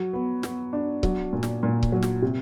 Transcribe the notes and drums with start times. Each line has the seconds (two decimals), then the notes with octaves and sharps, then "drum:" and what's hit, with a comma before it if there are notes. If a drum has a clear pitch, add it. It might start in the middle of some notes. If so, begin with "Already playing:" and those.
Already playing: F#3
0.13 B3
0.43 B3, drum: snare
0.73 D4
1.03 F#3, drum: kick C#1
1.33 A#2
1.43 drum: snare
1.63 A#2
1.83 drum: kick C#1
1.92 F#3
2.02 drum: snare
2.22 C3